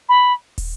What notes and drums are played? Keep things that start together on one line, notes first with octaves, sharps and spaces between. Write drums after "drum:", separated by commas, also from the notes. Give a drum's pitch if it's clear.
B5
drum: kick, open hi-hat